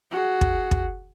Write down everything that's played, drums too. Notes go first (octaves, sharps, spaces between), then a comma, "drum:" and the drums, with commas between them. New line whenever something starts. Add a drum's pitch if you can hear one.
F#4 G#4
drum: kick
drum: kick